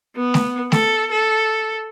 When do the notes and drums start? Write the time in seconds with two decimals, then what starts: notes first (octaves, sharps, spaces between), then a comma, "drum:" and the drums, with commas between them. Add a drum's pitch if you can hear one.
0.16 B3
0.34 drum: snare A3
0.72 A4, drum: snare A3
1.11 A4